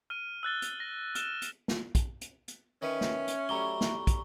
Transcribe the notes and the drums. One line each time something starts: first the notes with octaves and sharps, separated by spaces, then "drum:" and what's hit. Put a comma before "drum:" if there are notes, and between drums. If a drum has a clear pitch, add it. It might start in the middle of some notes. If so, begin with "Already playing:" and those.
F6 D#7
E6 F#6 A6 G7
drum: hi-hat
A#6
F6 E7 G7, drum: hi-hat
drum: hi-hat
drum: snare
drum: kick, hi-hat
drum: hi-hat
drum: hi-hat
D#3 C#4 B4 E5
drum: snare
drum: hi-hat
F#3 G3 A3 A#5 C#6 G7
drum: snare
drum: kick, hi-hat